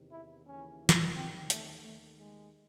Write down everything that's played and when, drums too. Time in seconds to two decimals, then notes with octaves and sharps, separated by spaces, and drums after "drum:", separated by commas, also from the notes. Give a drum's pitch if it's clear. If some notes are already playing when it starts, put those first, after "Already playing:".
Already playing: E2 C3 D#3
0.11 E4
0.45 D#2 C#3 E3 C#4
0.89 drum: snare
1.15 D#2 D#3 C4
1.50 A3, drum: hi-hat
1.84 D#2 D#3 A3
2.18 G#3